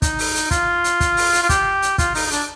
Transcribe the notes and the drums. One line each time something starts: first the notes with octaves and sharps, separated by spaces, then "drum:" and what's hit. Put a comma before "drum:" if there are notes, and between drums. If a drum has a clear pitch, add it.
D#4, drum: kick, hi-hat
drum: open hi-hat
drum: hi-hat
F4, drum: kick, hi-hat
drum: hi-hat
drum: kick, hi-hat
drum: open hi-hat
drum: hi-hat
F4
G4, drum: kick, hi-hat
drum: hi-hat
F4, drum: kick, hi-hat
D#4, drum: open hi-hat
D#4
D4, drum: hi-hat